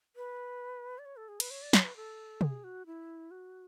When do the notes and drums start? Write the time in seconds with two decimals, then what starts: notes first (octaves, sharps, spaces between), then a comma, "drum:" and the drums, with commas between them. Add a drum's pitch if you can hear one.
0.16 B4
0.99 D5
1.05 C#5
1.17 A4
1.28 G#4
1.40 B4, drum: cymbal
1.51 C#5
1.62 D5
1.73 C#5, drum: snare
1.84 B4
1.96 A4
2.41 G#4, drum: tom
2.64 F#4
2.86 E4
3.31 F#4